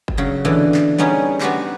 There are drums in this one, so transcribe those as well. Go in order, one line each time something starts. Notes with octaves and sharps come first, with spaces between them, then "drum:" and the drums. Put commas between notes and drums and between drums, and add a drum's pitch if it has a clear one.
drum: kick F#1
C#3 F#3
B2 D3 E3
drum: clap
G3 B3 C#4 D#4 G#4
B3 F#4 G4 C5, drum: clap